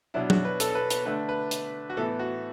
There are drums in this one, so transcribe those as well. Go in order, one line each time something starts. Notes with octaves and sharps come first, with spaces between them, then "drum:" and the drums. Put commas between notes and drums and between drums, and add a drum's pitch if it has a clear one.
B2 F#3 D4 E4
F#4, drum: tom F#3
B4
A4, drum: hi-hat
A4
B4
B4, drum: hi-hat
D3 A3 D4 B4
B4
drum: hi-hat
F#4
A2 E3 B3 E4 A4
F#4